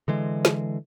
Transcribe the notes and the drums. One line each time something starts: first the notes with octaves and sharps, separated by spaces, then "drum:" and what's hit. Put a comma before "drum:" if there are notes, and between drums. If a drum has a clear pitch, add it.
D3 E3 G#3
drum: snare